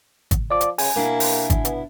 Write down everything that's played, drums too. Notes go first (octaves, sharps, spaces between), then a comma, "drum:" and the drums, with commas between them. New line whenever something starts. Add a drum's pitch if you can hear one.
drum: kick G#1, hi-hat
F3 D5 D6
drum: hi-hat
C#3 G#5, drum: open hi-hat
B2 A#3 D4 E4
drum: open hi-hat
drum: kick G#1, hi-hat
B3, drum: hi-hat